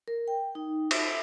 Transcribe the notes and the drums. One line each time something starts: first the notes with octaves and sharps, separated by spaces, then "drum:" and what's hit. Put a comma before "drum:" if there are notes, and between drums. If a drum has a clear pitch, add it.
A#4
G5
D#4
E5, drum: cymbal